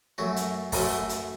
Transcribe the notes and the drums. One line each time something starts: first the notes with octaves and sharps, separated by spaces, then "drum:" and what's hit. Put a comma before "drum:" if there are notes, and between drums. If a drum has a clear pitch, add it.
F#2 F#3 A3 F#4
drum: hi-hat
F#2 F#3 A3 A4, drum: kick, open hi-hat
drum: hi-hat